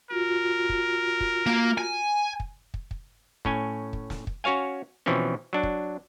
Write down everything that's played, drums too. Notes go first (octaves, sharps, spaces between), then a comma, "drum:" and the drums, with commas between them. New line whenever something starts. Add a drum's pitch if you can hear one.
F4 F#4 A#4
drum: kick
drum: kick
A#3
G#5
drum: kick
drum: kick
drum: kick
A2 C#4 G#5, drum: kick
drum: kick
drum: snare
drum: kick
C#4 F#4 C#5 F5 G#5
B2 E3 F3 C4 C#4
F#3 D4
drum: kick